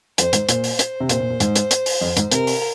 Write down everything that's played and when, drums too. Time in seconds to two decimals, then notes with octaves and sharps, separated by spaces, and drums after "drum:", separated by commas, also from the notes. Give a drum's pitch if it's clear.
0.18 F2 C5, drum: hi-hat
0.33 G#2, drum: hi-hat
0.49 A#2 C5, drum: hi-hat
0.64 drum: open hi-hat
0.79 drum: hi-hat
1.00 C3
1.09 A#2 C5, drum: hi-hat
1.20 A#2
1.30 A#2
1.40 G#2, drum: hi-hat
1.56 drum: hi-hat
1.71 drum: hi-hat
1.86 drum: open hi-hat
2.01 F2
2.17 G#2, drum: hi-hat
2.32 C3 A#4, drum: hi-hat
2.47 drum: open hi-hat